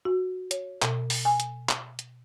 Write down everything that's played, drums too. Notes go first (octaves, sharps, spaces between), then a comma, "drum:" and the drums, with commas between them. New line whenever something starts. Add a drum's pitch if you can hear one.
F#4
C#5, drum: hi-hat
B2, drum: clap
drum: open hi-hat
G#5
drum: hi-hat
drum: clap
drum: hi-hat